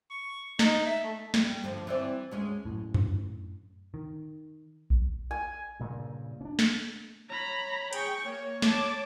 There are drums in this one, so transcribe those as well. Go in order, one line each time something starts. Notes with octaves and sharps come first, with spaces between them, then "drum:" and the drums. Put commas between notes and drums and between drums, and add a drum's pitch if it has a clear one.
C#6
D#4, drum: snare
E5
A3
G3, drum: snare
G2 D3 F3
E3 C4 D5
D2 G#3 C#4
F#2 A2
drum: tom F2
D#3
drum: kick A#1
G#5
G2 A#2 C#3
C#4 D4
drum: snare
C#5 A#5 B5
G#4 G5 C#6, drum: hi-hat
A#3 C#5
A5 D6, drum: snare